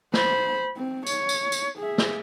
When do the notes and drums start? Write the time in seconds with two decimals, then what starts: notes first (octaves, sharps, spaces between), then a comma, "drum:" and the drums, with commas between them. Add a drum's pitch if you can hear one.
0.14 C5 B5, drum: snare
0.77 C4
1.07 C#5, drum: tambourine
1.29 drum: tambourine
1.52 drum: tambourine
1.79 G#4 E5
1.98 drum: snare